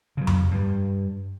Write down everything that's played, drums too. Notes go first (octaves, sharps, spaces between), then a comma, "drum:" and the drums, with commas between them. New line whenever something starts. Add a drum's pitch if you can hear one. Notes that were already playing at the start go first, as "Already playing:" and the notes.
C#3 F#3
drum: tom F2
G2 G3